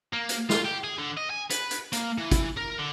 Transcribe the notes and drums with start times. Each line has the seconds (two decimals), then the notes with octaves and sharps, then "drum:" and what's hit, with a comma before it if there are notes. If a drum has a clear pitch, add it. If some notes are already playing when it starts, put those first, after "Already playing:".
0.13 A#3
0.29 drum: hi-hat
0.50 F4, drum: snare
0.65 G4
0.84 G#4
0.99 D3
1.17 D#5
1.30 G#5
1.50 B4, drum: hi-hat
1.71 drum: hi-hat
1.93 A#3, drum: hi-hat
2.18 E3
2.31 drum: kick, hi-hat
2.57 A#4
2.78 D3